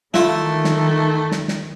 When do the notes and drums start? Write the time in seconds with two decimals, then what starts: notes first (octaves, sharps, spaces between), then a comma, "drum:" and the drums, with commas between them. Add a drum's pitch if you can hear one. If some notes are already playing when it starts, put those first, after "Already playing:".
0.14 D#3 E3 A3 E4 F4, drum: snare
0.64 drum: snare
1.32 drum: snare
1.48 drum: snare